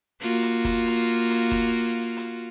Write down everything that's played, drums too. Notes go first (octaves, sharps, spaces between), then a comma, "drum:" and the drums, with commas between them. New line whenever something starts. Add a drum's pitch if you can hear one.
A#3 F4 F#4
drum: hi-hat
drum: kick, hi-hat
drum: hi-hat
drum: hi-hat
drum: kick, hi-hat
drum: hi-hat